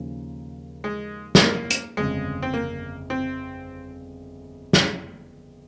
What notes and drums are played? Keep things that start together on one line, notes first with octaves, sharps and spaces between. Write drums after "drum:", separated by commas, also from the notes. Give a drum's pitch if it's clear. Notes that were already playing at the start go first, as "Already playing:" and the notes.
Already playing: D#2 C#3 F3
G#3
G#3, drum: snare
A#3
drum: hi-hat
G1 F2 C#3 G#3
C4
A#3
C4
drum: snare